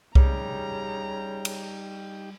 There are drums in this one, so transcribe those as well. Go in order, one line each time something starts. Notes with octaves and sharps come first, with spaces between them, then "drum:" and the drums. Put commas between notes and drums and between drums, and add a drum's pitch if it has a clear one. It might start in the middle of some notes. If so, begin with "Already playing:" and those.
C#3 G3 D#4 G4 G5 A#5, drum: kick C2
drum: cymbal